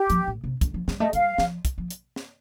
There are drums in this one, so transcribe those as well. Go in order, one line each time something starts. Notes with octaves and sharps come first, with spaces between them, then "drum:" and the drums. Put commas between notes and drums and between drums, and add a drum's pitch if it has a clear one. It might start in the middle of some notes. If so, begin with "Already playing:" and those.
Already playing: G4
F3, drum: hi-hat
A2
C3
D3, drum: kick, hi-hat
F3
G3, drum: snare
A3 D#5
G3 F5, drum: hi-hat
F3, drum: snare
drum: kick, hi-hat
F3
drum: hi-hat
drum: snare